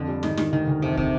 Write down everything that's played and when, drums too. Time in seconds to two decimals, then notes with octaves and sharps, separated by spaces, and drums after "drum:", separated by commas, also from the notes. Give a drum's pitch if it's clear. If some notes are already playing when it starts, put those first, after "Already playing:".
Already playing: F2 D3
0.08 G3
0.23 G#2 D#3, drum: snare
0.37 D#3 G3, drum: snare
0.52 D2 D#3
0.67 D2
0.82 F2 C3
0.97 C3, drum: kick